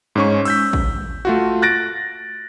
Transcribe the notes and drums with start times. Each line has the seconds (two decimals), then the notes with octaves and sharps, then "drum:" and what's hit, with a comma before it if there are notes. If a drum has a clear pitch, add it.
0.15 G#2 C#4 C#6
0.45 E6 G6 B6, drum: cymbal
0.73 drum: kick
1.25 A3 F4 F#4
1.62 F#6 A6 A#6 D7